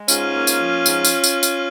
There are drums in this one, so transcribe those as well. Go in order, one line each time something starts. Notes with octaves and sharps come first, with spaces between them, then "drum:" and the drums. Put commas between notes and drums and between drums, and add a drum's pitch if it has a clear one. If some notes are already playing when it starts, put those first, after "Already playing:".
Already playing: G#3
G#2 C#4 F4, drum: tambourine
A#3
drum: tambourine
F3
G#2, drum: tambourine
drum: tambourine
drum: tambourine
drum: tambourine